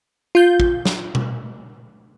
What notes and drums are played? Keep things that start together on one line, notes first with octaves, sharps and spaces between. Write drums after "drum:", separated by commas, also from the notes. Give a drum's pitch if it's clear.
F4 G6
drum: kick
drum: snare
drum: tom B2